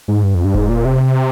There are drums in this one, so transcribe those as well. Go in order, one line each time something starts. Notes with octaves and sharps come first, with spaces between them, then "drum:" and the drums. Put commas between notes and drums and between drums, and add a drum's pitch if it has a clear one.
G#2
G2
F2
G2
G#2, drum: kick E1
A#2
C3